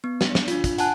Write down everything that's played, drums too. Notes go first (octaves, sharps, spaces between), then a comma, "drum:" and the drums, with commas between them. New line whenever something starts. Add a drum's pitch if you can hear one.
B3
drum: snare
drum: snare
D4 F4, drum: hi-hat
drum: kick, hi-hat
F#5 G#5 A5 F#6, drum: hi-hat